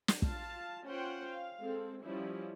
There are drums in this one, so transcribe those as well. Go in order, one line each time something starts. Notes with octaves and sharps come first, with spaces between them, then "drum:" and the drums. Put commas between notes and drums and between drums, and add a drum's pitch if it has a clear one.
drum: snare
F4 F5 A5, drum: kick
C#4 F4 C5 F#5 G5
F5
G#3 C4 A4
F3 G3 C#4 E4